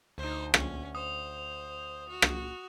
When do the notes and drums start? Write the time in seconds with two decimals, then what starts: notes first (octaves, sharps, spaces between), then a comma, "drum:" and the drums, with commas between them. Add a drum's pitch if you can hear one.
0.18 D2 D#4 C5
0.54 C#4, drum: rim click
0.95 C5 D#6
2.09 F#4
2.22 drum: rim click